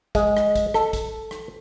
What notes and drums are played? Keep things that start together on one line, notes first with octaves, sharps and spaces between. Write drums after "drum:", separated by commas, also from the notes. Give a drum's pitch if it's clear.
G#3, drum: kick A1, hi-hat
drum: rim click
drum: kick A1, hi-hat
A4, drum: rim click
drum: kick A1, hi-hat
drum: rim click